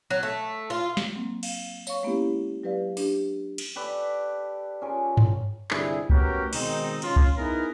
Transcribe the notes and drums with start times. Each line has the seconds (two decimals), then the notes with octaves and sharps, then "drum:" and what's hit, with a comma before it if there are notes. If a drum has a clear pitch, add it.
0.10 F#3
0.23 A3
0.70 F4
0.97 drum: snare
1.15 F#3 A#3 C4
1.43 F5, drum: cymbal
1.87 C#5 F5 C#6, drum: tambourine
2.03 G#3 A#3 B3 C#4 E4 G4
2.63 F#3 G4 B4 D5 F5
2.97 D4 G4, drum: open hi-hat
3.58 drum: cymbal
3.76 G4 A4 B4 D5
4.81 C#4 F4 G#4 A#4
5.17 G3, drum: tom G2
5.71 G1 C3 D4 E4 G#4, drum: clap
6.10 A3 B3 C#4 F#4 G4 A#4, drum: kick C2
6.53 B2 D#3 G#3 C4 D#4, drum: cymbal
7.02 C#4 F4, drum: cymbal
7.16 drum: kick C2
7.37 B3 D#4 E4 G#4 A#4 B4